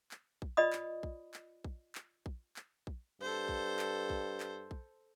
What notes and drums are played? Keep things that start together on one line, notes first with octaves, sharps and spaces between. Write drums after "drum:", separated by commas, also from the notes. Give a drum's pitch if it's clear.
drum: clap
drum: kick A#1
F4 D5 D#5 B5 D#6
drum: clap
drum: kick A#1
drum: clap
drum: kick A#1
drum: clap
drum: kick A#1
drum: clap
drum: kick A#1
G2 A4 C5
drum: kick A#1
drum: clap
drum: kick A#1
drum: clap
drum: kick A#1